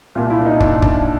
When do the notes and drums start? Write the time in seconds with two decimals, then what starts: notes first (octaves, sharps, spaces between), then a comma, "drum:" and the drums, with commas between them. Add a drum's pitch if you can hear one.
0.15 C2 A#2 F4
0.30 E4
0.40 D4
0.46 D#4
0.60 D4, drum: kick
0.82 D4, drum: kick